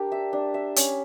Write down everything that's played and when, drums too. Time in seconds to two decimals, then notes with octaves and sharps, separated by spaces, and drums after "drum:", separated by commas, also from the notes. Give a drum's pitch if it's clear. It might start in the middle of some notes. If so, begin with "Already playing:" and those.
Already playing: D4 G4 A#4
0.12 E5
0.33 D4
0.54 E5
0.76 C#4, drum: hi-hat